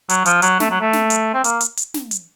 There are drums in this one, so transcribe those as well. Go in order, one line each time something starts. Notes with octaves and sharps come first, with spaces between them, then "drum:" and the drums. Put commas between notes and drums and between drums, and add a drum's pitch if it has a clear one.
F#3, drum: hi-hat
F3, drum: hi-hat
F#3, drum: hi-hat
A3, drum: snare
F#3
A3
drum: snare
drum: hi-hat
C4
A#3, drum: hi-hat
drum: hi-hat
drum: hi-hat
drum: snare
drum: hi-hat